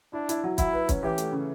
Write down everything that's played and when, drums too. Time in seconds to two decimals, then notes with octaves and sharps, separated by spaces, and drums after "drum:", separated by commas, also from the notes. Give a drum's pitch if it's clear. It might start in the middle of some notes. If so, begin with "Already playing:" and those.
0.13 D4 E4
0.29 E4, drum: hi-hat
0.44 F#3
0.58 F#3 E4, drum: kick, hi-hat
0.73 B4
0.89 C#4, drum: kick, hi-hat
1.03 E3 G4
1.18 A3, drum: hi-hat
1.32 C#3